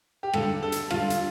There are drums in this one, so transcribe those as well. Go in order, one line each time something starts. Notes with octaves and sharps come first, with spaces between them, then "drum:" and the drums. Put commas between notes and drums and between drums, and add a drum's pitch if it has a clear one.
G4
G2 D3 G3 A4, drum: rim click
A4
drum: hi-hat
G2 D3 G3 F4, drum: rim click
drum: hi-hat